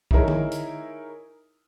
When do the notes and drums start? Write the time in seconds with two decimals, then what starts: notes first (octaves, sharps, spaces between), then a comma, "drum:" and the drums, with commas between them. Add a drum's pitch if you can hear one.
0.11 D#4 E4 G#4 A#4 C#5, drum: kick
0.28 drum: tom
0.52 drum: hi-hat